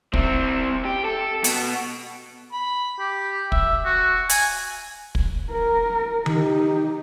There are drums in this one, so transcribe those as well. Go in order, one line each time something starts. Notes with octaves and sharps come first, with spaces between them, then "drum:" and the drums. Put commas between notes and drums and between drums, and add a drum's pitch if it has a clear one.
C4 E4, drum: kick
G4
A4
B2, drum: hi-hat
B5
G4
E5, drum: kick
F#4
G#5, drum: hi-hat
drum: kick
A#4
D#4 G4, drum: tom D#3